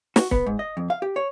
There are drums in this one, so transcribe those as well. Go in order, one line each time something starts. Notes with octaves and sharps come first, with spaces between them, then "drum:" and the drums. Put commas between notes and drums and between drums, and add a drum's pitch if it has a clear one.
F#4, drum: snare
B3, drum: kick
G#2
D#5
F2
F5
G4
C#5